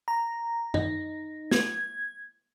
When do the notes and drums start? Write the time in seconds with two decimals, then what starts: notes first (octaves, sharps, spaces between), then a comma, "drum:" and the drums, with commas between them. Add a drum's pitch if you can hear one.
0.08 A#5
0.74 D#4, drum: tom F#2
1.51 G#6, drum: snare